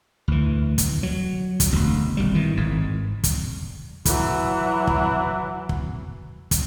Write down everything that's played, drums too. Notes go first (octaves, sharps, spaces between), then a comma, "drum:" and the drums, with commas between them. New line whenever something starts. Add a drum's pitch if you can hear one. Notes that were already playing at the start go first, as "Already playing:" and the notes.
D2 E3
drum: kick, hi-hat
F#3
drum: kick, hi-hat
E1 D2
G#1 G3
D#3 E3
G#1 G#2
drum: kick, hi-hat
E3 F#3, drum: kick, hi-hat
drum: kick
drum: kick
drum: kick, hi-hat